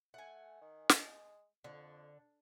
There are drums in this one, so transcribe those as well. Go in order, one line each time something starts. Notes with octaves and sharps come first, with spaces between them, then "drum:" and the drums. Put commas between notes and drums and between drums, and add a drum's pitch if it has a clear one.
A3 F#5 G#5
D#3
G#3, drum: snare
F2 D3